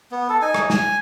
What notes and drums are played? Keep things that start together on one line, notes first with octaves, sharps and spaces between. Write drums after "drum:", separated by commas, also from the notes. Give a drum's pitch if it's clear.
B3
A4
D#4 G#5
drum: rim click
G#5, drum: snare